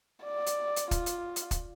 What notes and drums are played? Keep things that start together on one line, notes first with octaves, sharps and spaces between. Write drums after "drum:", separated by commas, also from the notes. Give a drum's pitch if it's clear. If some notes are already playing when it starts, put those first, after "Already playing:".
D5
drum: hi-hat
drum: hi-hat
F4, drum: kick, hi-hat
drum: hi-hat
drum: hi-hat
drum: kick, hi-hat